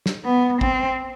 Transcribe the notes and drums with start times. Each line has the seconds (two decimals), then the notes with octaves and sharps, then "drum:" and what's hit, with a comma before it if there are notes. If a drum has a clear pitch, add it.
0.06 drum: snare
0.25 B3
0.61 C4, drum: kick A1